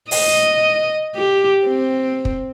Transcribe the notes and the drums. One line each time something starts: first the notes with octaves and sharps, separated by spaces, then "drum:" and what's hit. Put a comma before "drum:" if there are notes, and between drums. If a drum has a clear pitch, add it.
D#5, drum: open hi-hat
G4
C4
drum: kick